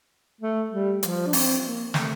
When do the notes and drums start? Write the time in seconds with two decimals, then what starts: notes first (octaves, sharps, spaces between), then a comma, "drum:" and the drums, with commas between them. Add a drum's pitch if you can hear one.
0.41 A3
0.71 G3
1.03 F3, drum: hi-hat
1.27 D4
1.33 C4, drum: open hi-hat
1.63 A#3
1.94 A3, drum: snare